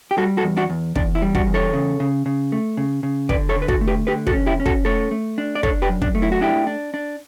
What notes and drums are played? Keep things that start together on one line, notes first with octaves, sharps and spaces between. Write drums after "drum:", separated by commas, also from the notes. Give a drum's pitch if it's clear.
G4
G3 F#4 A4
F#4 A4
E2
D4 F#4
E2
E2 D4, drum: kick
E4
G3
D4 F#4, drum: kick
E2
A4 C#5
C#3
C#3
C#3
A3
C#3
C#3
D3 B4 D5, drum: kick
A4 C#5
D3
B4
F#4 A4, drum: kick
A3
G4 B4
D3 G4 B4
F#4 A4, drum: kick
C#4
E4 G4
C#4
F#4 A4, drum: kick
A3 A4 C#5
A3
D4
D5
D4 A4 C#5, drum: kick
G4 B4
F#2
D4, drum: kick
A3
E4
F#4
D4 E4 G4
D4
D4